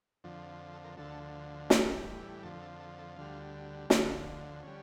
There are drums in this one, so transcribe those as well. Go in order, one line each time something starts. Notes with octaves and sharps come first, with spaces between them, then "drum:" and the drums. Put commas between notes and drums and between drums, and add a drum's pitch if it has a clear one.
F2 D3 F3
A4
A#4
D2 D3 F3 A4
A2 E3 G3 A#4, drum: snare
F2 D3 F3 A4
A4
A4
A4
D2 D3 G3 F4
D2 D3 F3 E4, drum: snare
D3 G3 C#4